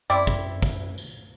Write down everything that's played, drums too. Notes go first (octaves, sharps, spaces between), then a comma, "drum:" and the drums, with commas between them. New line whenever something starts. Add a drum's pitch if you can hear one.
F#2 G3 C4 E4 D5
drum: kick, tambourine
drum: kick, tambourine
drum: tambourine